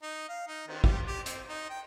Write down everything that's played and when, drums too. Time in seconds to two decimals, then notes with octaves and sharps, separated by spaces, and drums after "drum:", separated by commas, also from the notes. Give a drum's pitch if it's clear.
0.02 D#4
0.29 F5
0.48 D#4
0.68 D#3, drum: cymbal
0.84 G3, drum: kick
1.07 G4
1.26 C4, drum: hi-hat
1.49 D#4
1.70 G5